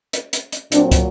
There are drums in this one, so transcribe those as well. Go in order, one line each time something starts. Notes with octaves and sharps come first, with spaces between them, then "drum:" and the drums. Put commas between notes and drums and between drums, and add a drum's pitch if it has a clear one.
drum: hi-hat
drum: hi-hat
drum: hi-hat
A#2 F#3 C4 D4, drum: hi-hat
drum: kick, hi-hat